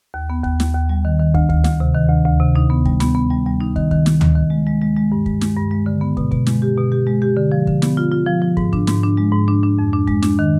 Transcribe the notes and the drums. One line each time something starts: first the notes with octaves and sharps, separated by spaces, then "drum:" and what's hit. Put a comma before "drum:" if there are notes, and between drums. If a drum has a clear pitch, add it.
D#2
B3
D#2, drum: kick
D#2, drum: snare
D#2
G3
D#3
D#3
D2, drum: kick
D2, drum: kick
D2, drum: snare
C3
D#3
D2
D2
C3
D#4
B3
G3, drum: kick
B3, drum: snare
B3
G3
G3
D#4
D#3, drum: kick
D#3, drum: kick
D#3, drum: snare
D#3, drum: tom D2
D#3
G#3
G#3
G#3
G#3
G2
G#3, drum: kick
G#3, drum: snare
G2
G#3
D3
B3
B2, drum: kick
B2, drum: kick
G#3, drum: snare
G4
B2
G4
G#3
G4
D3
F3
D3, drum: kick
B3, drum: snare
F4
F4
F3
F3
G#2, drum: kick
D4, drum: kick
G#2, drum: snare
D4
G#3
G#2
D4
D4
F2
D4
G#3, drum: kick
D4, drum: snare
D#3